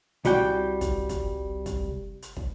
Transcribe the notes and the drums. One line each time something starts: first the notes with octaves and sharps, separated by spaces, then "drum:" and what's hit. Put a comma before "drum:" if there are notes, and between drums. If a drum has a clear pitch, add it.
C2 G3 F#4 G5, drum: hi-hat
drum: kick, hi-hat
drum: kick, hi-hat
drum: kick, hi-hat
drum: hi-hat
drum: kick